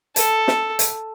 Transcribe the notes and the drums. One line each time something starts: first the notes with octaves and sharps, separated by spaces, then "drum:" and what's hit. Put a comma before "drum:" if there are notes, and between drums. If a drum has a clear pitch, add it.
A4, drum: hi-hat
drum: snare
drum: hi-hat